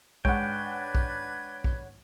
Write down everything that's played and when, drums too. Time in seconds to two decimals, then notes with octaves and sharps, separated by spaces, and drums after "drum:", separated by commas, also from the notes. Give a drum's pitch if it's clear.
0.25 G#2 D4 B4 C#5 F#5 G5 G#6, drum: kick
0.95 drum: kick
1.64 drum: kick